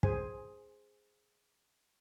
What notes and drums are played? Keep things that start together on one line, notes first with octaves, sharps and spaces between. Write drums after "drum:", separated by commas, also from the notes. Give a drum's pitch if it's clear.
G#4 C5 G#5, drum: kick